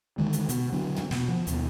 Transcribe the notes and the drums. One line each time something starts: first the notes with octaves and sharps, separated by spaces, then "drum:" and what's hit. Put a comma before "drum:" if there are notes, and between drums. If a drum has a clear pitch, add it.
D3 D#3 G#3
drum: hi-hat
B2, drum: hi-hat
D3 F#3
drum: tom
B2, drum: snare
F3
D#2 B2, drum: hi-hat